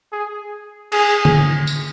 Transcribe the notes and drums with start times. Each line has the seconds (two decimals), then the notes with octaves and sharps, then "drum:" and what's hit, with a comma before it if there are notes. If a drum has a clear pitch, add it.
0.12 G#4
0.92 G#4, drum: cymbal
1.25 drum: tom D3
1.67 drum: tambourine